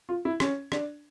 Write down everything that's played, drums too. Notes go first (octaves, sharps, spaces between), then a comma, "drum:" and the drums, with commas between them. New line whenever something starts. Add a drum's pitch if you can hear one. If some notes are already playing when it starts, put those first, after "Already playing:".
F4
E4
C#4, drum: rim click
D4, drum: rim click